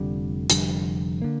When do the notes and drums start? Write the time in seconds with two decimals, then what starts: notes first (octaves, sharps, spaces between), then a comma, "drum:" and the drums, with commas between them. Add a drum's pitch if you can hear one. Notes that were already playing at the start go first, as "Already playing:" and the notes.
Already playing: F1 F2 D3 G3
0.50 F1 F2 D3 G3, drum: hi-hat
1.22 D3 A#3